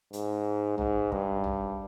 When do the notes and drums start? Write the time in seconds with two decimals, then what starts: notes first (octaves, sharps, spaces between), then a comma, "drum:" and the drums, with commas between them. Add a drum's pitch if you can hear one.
0.13 G#2, drum: hi-hat
0.78 G#2, drum: tom A1
1.12 G2, drum: kick
1.44 drum: tom A1